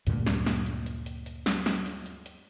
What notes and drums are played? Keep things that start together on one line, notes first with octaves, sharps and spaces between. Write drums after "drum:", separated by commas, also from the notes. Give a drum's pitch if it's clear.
D2 G2 A#2 D3, drum: hi-hat
drum: snare
drum: snare
drum: hi-hat
drum: hi-hat
drum: hi-hat
drum: hi-hat
drum: snare
drum: snare
drum: hi-hat
drum: hi-hat
drum: hi-hat